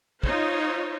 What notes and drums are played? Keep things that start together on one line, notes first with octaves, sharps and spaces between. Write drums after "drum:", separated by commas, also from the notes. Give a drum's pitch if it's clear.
D#4 F4 C5 C#5, drum: kick